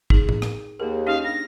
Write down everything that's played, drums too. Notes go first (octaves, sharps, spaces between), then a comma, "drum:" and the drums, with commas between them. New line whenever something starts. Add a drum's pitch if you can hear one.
D#4 G#4, drum: kick
drum: tom A2
drum: rim click
D#2 A#3 G#4
C#4 D#4 G4 F5
D4 A#6